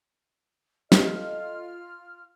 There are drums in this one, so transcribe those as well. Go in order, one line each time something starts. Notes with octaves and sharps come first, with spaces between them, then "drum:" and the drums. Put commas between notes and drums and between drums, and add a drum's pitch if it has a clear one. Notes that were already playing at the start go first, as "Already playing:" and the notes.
F4 A4 D#5 F6, drum: snare